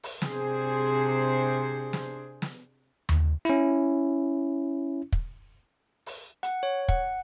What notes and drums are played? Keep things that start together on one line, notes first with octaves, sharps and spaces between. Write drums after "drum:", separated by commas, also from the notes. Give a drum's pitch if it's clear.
drum: open hi-hat
C3 D4 G#4 C5, drum: snare
drum: snare
drum: snare
drum: tom D#2
C#4 E4, drum: hi-hat
drum: kick
drum: open hi-hat
F#5, drum: hi-hat
C#5
F#5, drum: kick